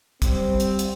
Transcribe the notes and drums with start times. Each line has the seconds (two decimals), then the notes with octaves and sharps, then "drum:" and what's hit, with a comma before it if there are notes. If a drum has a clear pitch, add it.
0.22 G3 C4, drum: kick, hi-hat
0.60 drum: hi-hat
0.79 drum: hi-hat